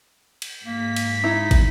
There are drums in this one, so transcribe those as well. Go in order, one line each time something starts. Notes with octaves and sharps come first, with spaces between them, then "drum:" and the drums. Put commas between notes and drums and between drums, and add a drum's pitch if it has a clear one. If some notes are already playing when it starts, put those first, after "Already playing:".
drum: cymbal
G#2 A#3 B6
drum: cymbal
D#4 E4
drum: kick, cymbal